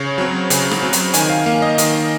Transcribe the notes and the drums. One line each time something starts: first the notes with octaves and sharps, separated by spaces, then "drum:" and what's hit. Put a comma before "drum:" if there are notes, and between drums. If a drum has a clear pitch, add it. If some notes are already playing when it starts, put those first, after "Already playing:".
Already playing: C#3 C#5
F#3 C4
C#3, drum: hi-hat
drum: rim click
F#3 C4
drum: hi-hat
D#3 G#5, drum: hi-hat
F5
A#3 F5
D#5
D#3 D#5, drum: hi-hat